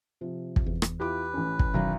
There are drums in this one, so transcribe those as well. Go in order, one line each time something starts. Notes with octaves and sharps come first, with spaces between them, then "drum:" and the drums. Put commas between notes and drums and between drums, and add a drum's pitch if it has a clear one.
C3 F3
drum: kick
E2
drum: rim click
E4 F4 G4 B4 D6
A1 C#4
drum: kick
B1 B2 D#3 F#3 A#5